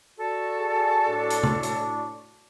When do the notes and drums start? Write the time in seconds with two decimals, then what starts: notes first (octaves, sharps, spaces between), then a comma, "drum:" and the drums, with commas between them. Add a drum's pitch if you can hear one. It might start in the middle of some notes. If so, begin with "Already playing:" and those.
0.18 F#4 A4 D5 C#6
0.58 G#4 A5
1.07 A2 D4
1.30 drum: hi-hat
1.44 drum: tom C3
1.63 drum: hi-hat